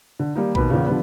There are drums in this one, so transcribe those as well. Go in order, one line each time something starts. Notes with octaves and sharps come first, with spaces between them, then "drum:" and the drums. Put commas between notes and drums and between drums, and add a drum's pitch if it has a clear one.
D3
D#3 G3 A#3 D#4
D#2 B2 B4 B5, drum: kick A#1
E2 A#2 C#3
D3 F3 G3 B3